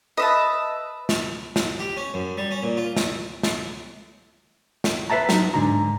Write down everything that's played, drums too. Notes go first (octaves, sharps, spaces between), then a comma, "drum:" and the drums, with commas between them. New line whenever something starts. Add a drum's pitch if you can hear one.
B4 D#5 E5 A5
drum: snare
drum: snare
G4
C#4
F#2
G3
C#4
A#2
F4
drum: snare
drum: snare
drum: snare
B4 C#5 E5 A5 A#5
F#3 D#4, drum: snare
G#2 D3 A#5